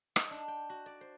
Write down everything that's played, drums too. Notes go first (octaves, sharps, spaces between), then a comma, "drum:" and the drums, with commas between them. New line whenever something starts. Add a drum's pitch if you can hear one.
D#4, drum: rim click
D4
G5
F#4
D5
C5